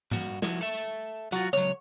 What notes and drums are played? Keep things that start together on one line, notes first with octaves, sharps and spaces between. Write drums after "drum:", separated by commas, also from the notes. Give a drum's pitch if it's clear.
G2 F#4, drum: tom G#2
F3 E4 F#4, drum: snare
A4 E5
F#3 F4 F#4
C#2 F#3 C#5